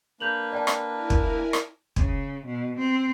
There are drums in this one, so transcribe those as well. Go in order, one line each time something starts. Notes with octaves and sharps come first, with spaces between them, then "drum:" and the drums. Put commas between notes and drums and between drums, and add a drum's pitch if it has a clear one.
A#3 D4 B4 G6 F7 F#7
D5 G5 A5
drum: rim click
E4 A#4 G#5
drum: kick
drum: rim click
C#3, drum: kick
B2
C4